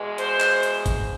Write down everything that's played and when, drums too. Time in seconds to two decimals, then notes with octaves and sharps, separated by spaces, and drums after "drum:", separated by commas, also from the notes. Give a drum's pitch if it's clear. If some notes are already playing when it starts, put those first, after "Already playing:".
Already playing: E2 B2 G#3
0.18 C5, drum: hi-hat
0.40 drum: clap
0.63 drum: hi-hat
0.86 drum: kick G#1, hi-hat